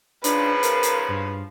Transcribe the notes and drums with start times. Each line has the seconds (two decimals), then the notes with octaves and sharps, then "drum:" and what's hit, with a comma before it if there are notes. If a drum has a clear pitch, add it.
0.24 G#2 C#3 F3 D4 B4, drum: hi-hat
0.63 A#4, drum: hi-hat
0.83 drum: hi-hat
1.09 G2